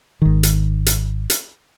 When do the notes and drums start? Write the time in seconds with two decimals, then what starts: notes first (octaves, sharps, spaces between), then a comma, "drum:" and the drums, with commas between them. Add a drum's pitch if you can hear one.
0.22 G#1 D#3
0.43 drum: hi-hat
0.86 drum: hi-hat
1.30 drum: hi-hat